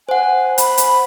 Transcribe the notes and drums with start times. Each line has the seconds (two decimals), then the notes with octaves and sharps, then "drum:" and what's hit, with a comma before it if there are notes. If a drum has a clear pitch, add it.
0.09 C5 F#5 G#5
0.58 B5, drum: hi-hat
0.78 drum: hi-hat